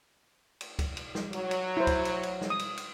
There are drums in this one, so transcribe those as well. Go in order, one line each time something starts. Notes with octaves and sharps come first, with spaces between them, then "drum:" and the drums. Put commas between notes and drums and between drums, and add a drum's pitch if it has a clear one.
drum: cymbal
drum: kick C#2, cymbal
drum: cymbal
drum: snare
F#3, drum: cymbal
drum: cymbal
E4 C5
drum: kick C#2, cymbal
drum: cymbal
drum: cymbal
drum: snare
D#6
drum: cymbal
drum: cymbal